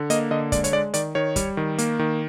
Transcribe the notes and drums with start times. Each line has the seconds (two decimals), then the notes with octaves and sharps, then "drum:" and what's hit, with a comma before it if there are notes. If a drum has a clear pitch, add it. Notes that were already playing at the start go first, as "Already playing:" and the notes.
Already playing: D3
0.10 A#3 D#5, drum: hi-hat
0.31 D3 D#5
0.52 G#3 D5, drum: kick, hi-hat
0.64 C#5, drum: hi-hat
0.72 G#3 D5
0.94 D#3 D5, drum: hi-hat
1.15 D#3 C#5
1.36 G3, drum: kick, hi-hat
1.57 D#3
1.78 A#3, drum: hi-hat
1.99 D#3